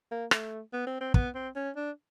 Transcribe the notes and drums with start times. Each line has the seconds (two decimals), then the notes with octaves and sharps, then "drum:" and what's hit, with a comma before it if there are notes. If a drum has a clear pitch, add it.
0.11 A#3
0.31 A3, drum: rim click
0.73 B3
0.86 C4
1.00 C4
1.14 B3, drum: kick
1.35 C4
1.56 C#4
1.76 D4